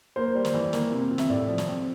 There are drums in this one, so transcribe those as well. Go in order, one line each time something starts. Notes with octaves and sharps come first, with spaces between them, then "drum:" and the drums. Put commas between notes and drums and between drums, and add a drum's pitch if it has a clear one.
A#3 C5
G3
drum: snare
E3
A#3, drum: snare
C3
C3
E5, drum: snare
A2 D5
F3
drum: snare
C4